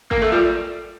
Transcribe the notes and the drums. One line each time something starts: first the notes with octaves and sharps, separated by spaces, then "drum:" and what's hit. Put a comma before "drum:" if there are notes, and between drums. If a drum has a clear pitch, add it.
A#3 A#4, drum: kick
A3 A4
G3 F4